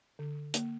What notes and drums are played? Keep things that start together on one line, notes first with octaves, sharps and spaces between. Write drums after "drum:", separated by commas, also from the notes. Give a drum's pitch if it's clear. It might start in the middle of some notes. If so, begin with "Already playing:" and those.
D3
A#3, drum: hi-hat